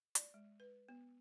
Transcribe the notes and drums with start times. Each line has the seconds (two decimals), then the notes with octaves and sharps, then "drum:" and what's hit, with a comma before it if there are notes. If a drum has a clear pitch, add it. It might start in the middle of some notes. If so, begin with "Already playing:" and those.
0.15 D5, drum: hi-hat
0.34 G#3
0.60 B4
0.89 B3